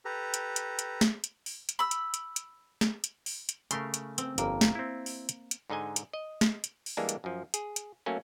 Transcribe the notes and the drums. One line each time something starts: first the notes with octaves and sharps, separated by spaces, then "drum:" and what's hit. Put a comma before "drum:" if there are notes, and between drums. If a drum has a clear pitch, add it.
G4 A4 B4 A#5
drum: hi-hat
drum: hi-hat
drum: hi-hat
drum: snare
drum: hi-hat
drum: open hi-hat
drum: hi-hat
B5 E6
drum: hi-hat
drum: hi-hat
drum: hi-hat
drum: snare
drum: hi-hat
drum: open hi-hat
drum: hi-hat
C#3 A3 A#4 C6, drum: hi-hat
drum: hi-hat
C4, drum: hi-hat
G1 F2 A#3, drum: hi-hat
drum: snare
C4 E4
drum: open hi-hat
drum: hi-hat
drum: hi-hat
G#2 D3 D#4 D#5 G#5
drum: hi-hat
D#5
drum: snare
drum: hi-hat
drum: open hi-hat
E3 G3 G#3 A#3 D4
drum: hi-hat
F#2 F3
G#4, drum: hi-hat
drum: hi-hat
F#3 A3 A#3 C#4